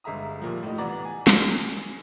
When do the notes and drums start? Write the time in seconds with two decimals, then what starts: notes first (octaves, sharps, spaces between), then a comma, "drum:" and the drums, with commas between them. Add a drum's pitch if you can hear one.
0.04 G1 G#3 E5 A#5 D#6
0.42 D#2 A#2 F3
0.63 A2 D#4
0.78 C2 E3 B3 D5 A#5
1.05 G#5
1.27 drum: snare